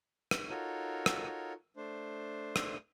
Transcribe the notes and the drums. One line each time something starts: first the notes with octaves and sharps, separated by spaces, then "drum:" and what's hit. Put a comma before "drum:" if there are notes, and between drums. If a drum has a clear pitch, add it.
drum: rim click
D#4 F4 F#4 A4 A#4 C#5
drum: rim click
A3 D4 C5
drum: rim click